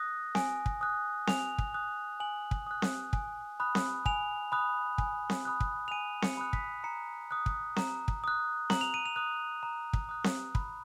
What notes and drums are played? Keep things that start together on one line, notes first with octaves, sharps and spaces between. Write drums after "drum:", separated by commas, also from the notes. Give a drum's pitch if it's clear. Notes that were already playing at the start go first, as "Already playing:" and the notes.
Already playing: D#6 F#6 A#6
G#5, drum: snare C4
drum: kick
D#6 F#6
G#5 F7, drum: snare C4
drum: kick
D#6 F#6
G#5 F#7
drum: kick
D#6 F#6
drum: snare C4
G#5, drum: kick
B5 D#6 F#6
drum: snare C4
G#5 F7, drum: kick
B5 D#6 F#6
G#5, drum: kick
drum: snare C4
B5 D#6 F#6
drum: kick
F7
G#5 D#7
C#7, drum: snare C4
B5 D#6 F#6
B6, drum: kick
A#5 C#7
D#6 F#6
drum: kick
A#5, drum: snare C4
drum: kick
D#6 F#6
A#5 F#7, drum: snare C4
F7
D#7
F7
D#6 F#6
A#5
drum: kick
D#6 F#6
drum: snare C4
B5, drum: kick